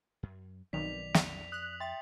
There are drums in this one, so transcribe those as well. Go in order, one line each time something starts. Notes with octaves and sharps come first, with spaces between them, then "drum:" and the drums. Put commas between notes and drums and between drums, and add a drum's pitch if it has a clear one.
F#2
B1 D#3 F3 C4 D5 B6 F7
F2, drum: snare
D#6 F#6
E5 G5 C6 A6